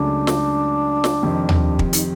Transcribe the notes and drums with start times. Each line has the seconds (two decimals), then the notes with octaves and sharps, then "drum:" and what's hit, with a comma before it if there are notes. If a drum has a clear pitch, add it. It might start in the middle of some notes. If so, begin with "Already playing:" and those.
Already playing: C#2 C#3 F#3 A3 D4
0.27 drum: snare
1.04 drum: snare
1.22 F2 C3 D#3 G3
1.49 drum: tom D#2
1.79 drum: kick
1.93 D#4, drum: hi-hat